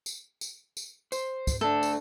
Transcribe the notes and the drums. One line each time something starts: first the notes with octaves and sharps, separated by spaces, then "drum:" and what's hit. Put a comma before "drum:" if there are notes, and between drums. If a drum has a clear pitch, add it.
drum: tambourine
drum: tambourine
drum: tambourine
C5, drum: tambourine
drum: kick, tambourine
A3 D4 A4
drum: tambourine